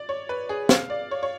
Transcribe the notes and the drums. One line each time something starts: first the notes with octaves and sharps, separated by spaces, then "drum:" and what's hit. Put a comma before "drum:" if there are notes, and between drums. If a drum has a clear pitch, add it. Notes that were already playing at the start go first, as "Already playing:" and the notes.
Already playing: D5
C#5
B4
G#4
F5, drum: snare
D5
C#5
C#5